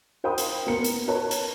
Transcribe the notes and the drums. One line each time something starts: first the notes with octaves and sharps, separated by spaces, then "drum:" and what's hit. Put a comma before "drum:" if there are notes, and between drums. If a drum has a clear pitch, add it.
A#4 C5 F5 G5 B5 D#6
drum: hi-hat
B3 A#4 C#7
drum: hi-hat
A#4 B4 C#5 A5
drum: hi-hat